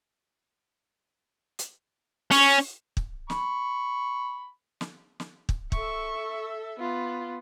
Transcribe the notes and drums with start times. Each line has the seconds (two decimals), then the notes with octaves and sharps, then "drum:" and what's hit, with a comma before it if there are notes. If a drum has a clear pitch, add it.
1.59 drum: hi-hat
2.31 C#4, drum: open hi-hat
2.97 drum: kick
3.30 B5 C#6, drum: snare
4.81 drum: snare
5.20 drum: snare
5.49 drum: kick
5.72 A4 E5 C#6, drum: kick
6.79 B3 F4